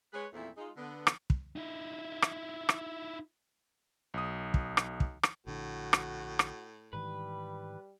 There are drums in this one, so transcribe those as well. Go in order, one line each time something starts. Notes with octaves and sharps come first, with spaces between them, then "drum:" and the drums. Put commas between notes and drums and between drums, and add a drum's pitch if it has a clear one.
G#3 B4 C#5
E2 A#2 F3 A3 C4 E4
G#3 D#4 F4
D3 B3
drum: rim click
drum: kick
D#4 E4
drum: rim click
drum: rim click
B1 D#6
drum: kick
drum: rim click
drum: kick
drum: rim click
A#1 A2 D3 F#4
drum: rim click
drum: rim click
G#2 D#3 E3 G3 B4